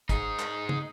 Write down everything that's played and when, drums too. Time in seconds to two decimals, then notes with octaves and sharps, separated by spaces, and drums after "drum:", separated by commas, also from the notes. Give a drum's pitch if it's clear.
0.09 D#4 G#4, drum: kick, hi-hat
0.39 drum: clap
0.69 drum: tom